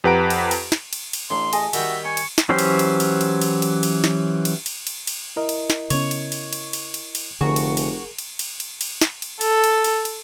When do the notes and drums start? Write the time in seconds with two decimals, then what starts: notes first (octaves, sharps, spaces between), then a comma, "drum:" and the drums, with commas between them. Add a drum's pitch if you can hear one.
0.04 F2 G4 B4 F#5 A#5 D7
0.30 drum: cymbal
0.51 drum: cymbal
0.72 drum: snare
0.93 drum: cymbal
1.13 drum: cymbal
1.30 A1 D4 C#5 A#5 C6
1.53 G#4 D#5 G#5 A5, drum: cymbal
1.73 D#3 G3 F#4 E5 G5, drum: cymbal
2.05 G#5 B5 C#6
2.17 drum: cymbal
2.38 drum: snare
2.49 E3 F#3 C#4 G4 C5
2.59 drum: cymbal
2.79 drum: cymbal
3.00 drum: cymbal
3.21 drum: cymbal
3.41 drum: cymbal
3.62 drum: cymbal
3.83 drum: cymbal
4.04 drum: snare
4.45 drum: cymbal
4.66 drum: cymbal
4.87 drum: cymbal
5.07 drum: cymbal
5.36 E4 A#4 D#5
5.49 drum: cymbal
5.70 drum: snare
5.90 C#3 B3 C#4 C#5, drum: cymbal
6.11 drum: cymbal
6.32 drum: cymbal
6.53 drum: cymbal
6.73 drum: cymbal
6.94 drum: cymbal
7.15 drum: cymbal
7.41 F1 D3 F#4 G#4 A#4 C#6
7.56 drum: cymbal
7.77 drum: cymbal
8.19 drum: cymbal
8.39 drum: cymbal
8.60 drum: cymbal
8.81 drum: cymbal
9.01 drum: snare
9.22 drum: cymbal
9.41 A4, drum: cymbal
9.64 drum: cymbal
9.84 drum: cymbal
10.05 drum: cymbal